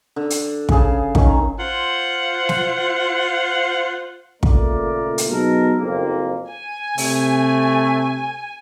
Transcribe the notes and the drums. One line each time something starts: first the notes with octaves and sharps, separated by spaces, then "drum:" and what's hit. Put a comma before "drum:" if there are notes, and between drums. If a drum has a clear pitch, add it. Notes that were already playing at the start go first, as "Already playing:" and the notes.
D3
drum: hi-hat
C#3 G#4 G#5 A5, drum: kick
D#3 F#3 C#4 F5, drum: kick
F4 C5 F#5
drum: snare
C#2 A#2 A3 A#3 A#4 D5, drum: kick
drum: hi-hat
B2 F#3 G#3 D#4 A4 A#4
F#1 F2 A#3
G#5
C3 A3, drum: open hi-hat